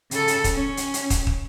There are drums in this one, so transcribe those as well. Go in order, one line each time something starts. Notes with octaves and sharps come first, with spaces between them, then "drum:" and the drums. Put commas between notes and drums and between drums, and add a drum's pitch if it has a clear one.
C#3 A4, drum: hi-hat
drum: hi-hat
drum: kick, hi-hat
C#4
drum: hi-hat
drum: hi-hat
drum: kick, hi-hat
drum: kick